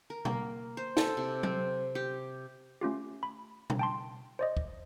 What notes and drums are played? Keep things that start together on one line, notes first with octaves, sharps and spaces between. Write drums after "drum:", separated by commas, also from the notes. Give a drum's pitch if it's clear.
A#4
A#3, drum: tom B2
C5
A4, drum: snare
C3
C4, drum: tom F#3
G4
A3 C#4 F4 G4
B5
drum: tom B2
G5 A5 C6
C5 D5 D#5
drum: kick